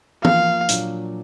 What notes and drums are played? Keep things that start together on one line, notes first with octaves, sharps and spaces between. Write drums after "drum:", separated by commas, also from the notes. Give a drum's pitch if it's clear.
F3 A#3 F4 F5, drum: tom
A#2 F#3 D4, drum: hi-hat